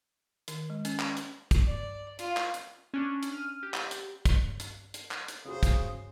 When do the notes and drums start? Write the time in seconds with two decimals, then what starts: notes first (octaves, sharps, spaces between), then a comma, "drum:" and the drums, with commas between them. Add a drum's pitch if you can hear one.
0.48 D#3, drum: hi-hat
0.70 G#3
0.85 C#4, drum: hi-hat
1.00 drum: clap
1.17 drum: hi-hat
1.51 drum: kick, hi-hat
1.66 D5
2.19 F4, drum: hi-hat
2.37 drum: clap
2.54 drum: hi-hat
2.94 C#4 D4
3.23 drum: hi-hat
3.32 F6 D#7
3.63 G4
3.74 drum: clap
3.91 drum: hi-hat
4.25 drum: kick, hi-hat
4.60 drum: hi-hat
4.94 drum: hi-hat
5.11 drum: clap
5.28 drum: hi-hat
5.46 C#3 C#4 F#4 C5 D#6
5.63 drum: kick, hi-hat